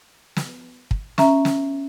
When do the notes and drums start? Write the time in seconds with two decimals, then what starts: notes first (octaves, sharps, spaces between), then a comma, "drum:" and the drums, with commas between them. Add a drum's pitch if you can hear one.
0.37 drum: snare
0.91 drum: kick
1.18 C#4 E5 A#5, drum: snare
1.45 drum: snare